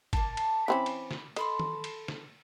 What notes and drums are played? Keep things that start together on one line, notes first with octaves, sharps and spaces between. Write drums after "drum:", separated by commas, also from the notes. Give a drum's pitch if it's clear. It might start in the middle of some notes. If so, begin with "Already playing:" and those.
A#3 A5, drum: kick, cymbal
drum: cymbal
E3 C4 C#4 B5 D6
drum: cymbal
drum: snare
A4 D#5 B5 C6, drum: cymbal
drum: tom
drum: cymbal
drum: snare